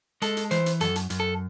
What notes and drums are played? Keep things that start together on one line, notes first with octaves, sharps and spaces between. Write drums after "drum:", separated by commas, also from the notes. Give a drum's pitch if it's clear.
G#3 A4, drum: hi-hat
drum: hi-hat
E3 C5, drum: hi-hat
drum: hi-hat
F#2 A4, drum: hi-hat
drum: hi-hat
F#2, drum: hi-hat
A4